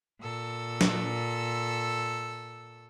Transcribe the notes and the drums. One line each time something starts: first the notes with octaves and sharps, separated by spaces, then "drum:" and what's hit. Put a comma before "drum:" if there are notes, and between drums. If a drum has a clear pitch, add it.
A#2 A4 E6
drum: snare